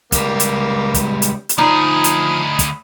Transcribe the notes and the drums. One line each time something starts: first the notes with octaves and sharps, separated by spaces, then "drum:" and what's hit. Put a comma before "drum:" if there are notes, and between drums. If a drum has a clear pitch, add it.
C#2 G3 A#3, drum: kick, hi-hat
drum: hi-hat
drum: kick, hi-hat
drum: hi-hat
drum: hi-hat
D2 F3 D#4 G#4 B5 D#6
drum: hi-hat
drum: kick, hi-hat